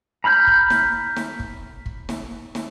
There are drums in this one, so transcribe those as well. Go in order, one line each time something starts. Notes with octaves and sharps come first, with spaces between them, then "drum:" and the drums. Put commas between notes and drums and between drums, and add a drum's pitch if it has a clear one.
A#5 B5 F6 G6
drum: kick
drum: snare
drum: snare
drum: kick
drum: kick
drum: snare
drum: snare